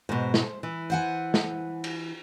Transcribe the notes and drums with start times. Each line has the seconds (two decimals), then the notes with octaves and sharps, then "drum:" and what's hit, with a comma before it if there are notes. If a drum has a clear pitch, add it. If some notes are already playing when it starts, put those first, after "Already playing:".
0.09 G#2 B2 C5
0.34 drum: snare
0.63 E3
0.90 C5 F#5 G#5
1.34 drum: snare
1.84 drum: cymbal